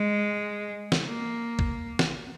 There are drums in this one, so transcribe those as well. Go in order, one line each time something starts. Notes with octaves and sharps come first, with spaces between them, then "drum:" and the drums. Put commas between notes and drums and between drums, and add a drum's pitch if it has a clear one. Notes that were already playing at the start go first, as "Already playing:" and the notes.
Already playing: G#3
drum: snare
A#3
drum: kick
drum: snare